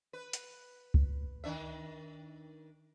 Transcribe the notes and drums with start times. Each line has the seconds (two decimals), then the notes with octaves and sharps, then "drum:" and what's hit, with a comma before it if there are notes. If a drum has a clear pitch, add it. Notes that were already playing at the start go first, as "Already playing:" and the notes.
0.13 B4
0.33 drum: hi-hat
0.94 drum: kick C#2
1.44 D#3 D4 E5